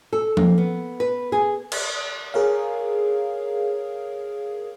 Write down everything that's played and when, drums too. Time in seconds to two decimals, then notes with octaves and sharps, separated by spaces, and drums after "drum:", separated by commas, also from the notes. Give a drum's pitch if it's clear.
0.13 A4
0.37 A#3, drum: tom F3
0.58 B3
1.00 B4
1.32 G#4
1.72 drum: cymbal
2.34 G#4 A#4 C#5 F5